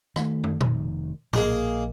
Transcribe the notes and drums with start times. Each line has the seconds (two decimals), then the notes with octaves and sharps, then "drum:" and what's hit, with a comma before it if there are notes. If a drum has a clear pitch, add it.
0.16 D#3 A3, drum: rim click
0.44 drum: tom
0.61 F1 D#3, drum: tom A#2
1.33 A#1 A#3 G#4 D#5, drum: tom